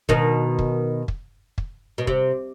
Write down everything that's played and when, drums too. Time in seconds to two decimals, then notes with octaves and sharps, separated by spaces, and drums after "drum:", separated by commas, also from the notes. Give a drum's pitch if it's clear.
0.09 B2 D#3, drum: kick
0.59 drum: kick
1.08 drum: kick
1.58 drum: kick
1.98 B2
2.07 C3, drum: kick